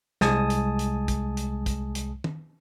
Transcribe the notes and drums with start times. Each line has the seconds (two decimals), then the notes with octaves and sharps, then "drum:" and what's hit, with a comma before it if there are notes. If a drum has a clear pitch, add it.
0.21 C2 G#3 G#5 A5 D#6, drum: snare
0.50 drum: hi-hat
0.79 drum: hi-hat
1.08 drum: kick, hi-hat
1.37 drum: hi-hat
1.66 drum: kick, hi-hat
1.95 drum: hi-hat
2.24 drum: tom